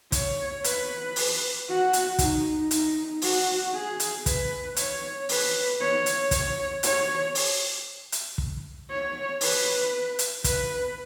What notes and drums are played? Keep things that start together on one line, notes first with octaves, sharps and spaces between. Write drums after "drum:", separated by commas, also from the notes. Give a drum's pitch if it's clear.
C#5, drum: kick, hi-hat
B4, drum: hi-hat
drum: open hi-hat
F#4
drum: hi-hat
D#4, drum: kick, hi-hat
D#4, drum: hi-hat
F#4, drum: open hi-hat
G#4
drum: hi-hat
B4, drum: kick, hi-hat
C#5, drum: hi-hat
B4, drum: open hi-hat
C#5
drum: hi-hat
C#5, drum: kick, hi-hat
C#5, drum: hi-hat
drum: open hi-hat
drum: hi-hat
drum: kick
C#5
B4, drum: open hi-hat
drum: hi-hat
B4, drum: kick, hi-hat